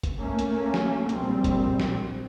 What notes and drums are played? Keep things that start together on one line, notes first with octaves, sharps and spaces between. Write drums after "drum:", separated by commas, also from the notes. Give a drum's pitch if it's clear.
drum: kick, hi-hat
A3 A#3 C#4
drum: hi-hat
drum: snare
A#1 G3 C4, drum: hi-hat
drum: kick, hi-hat
drum: snare